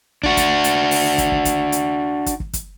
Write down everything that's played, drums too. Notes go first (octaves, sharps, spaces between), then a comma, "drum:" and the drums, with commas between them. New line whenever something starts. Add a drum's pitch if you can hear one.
D4 F#4, drum: kick
drum: kick, hi-hat
drum: hi-hat
drum: open hi-hat
drum: kick, hi-hat
drum: kick
drum: kick, hi-hat
drum: hi-hat
drum: kick, hi-hat
drum: kick
drum: kick, hi-hat